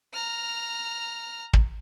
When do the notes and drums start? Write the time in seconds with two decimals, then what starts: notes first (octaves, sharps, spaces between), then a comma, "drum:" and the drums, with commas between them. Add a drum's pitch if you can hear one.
0.13 A#5 F6
1.53 drum: kick